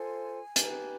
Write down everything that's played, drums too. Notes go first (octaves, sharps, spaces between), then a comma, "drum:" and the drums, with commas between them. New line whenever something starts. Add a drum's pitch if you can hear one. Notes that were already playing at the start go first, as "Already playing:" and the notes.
Already playing: F4 A4 C5 G#5
D#4 G4 B4, drum: hi-hat